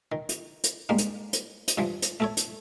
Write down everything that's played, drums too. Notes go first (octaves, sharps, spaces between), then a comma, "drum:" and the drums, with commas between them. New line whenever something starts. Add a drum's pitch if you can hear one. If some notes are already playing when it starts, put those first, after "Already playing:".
D#3
drum: hi-hat
drum: hi-hat
G3 G#3 A#3 D#4
drum: hi-hat
drum: hi-hat
drum: hi-hat
G2 E3 F3
drum: hi-hat
A3 A4 C#5
drum: hi-hat